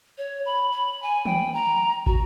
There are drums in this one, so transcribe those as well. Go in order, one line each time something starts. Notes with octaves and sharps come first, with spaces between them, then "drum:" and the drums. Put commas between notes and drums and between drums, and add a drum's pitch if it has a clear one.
C#5
B5
B5
G#5
G5, drum: tom D#3
A#5
F#4, drum: kick